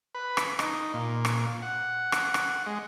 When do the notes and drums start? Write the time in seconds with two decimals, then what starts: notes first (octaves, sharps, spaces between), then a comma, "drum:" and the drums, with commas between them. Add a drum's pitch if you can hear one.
0.15 B4
0.37 drum: rim click
0.59 D#4, drum: rim click
0.94 A#2
1.25 drum: rim click
1.62 F#5
2.12 drum: rim click
2.34 drum: rim click
2.67 G#3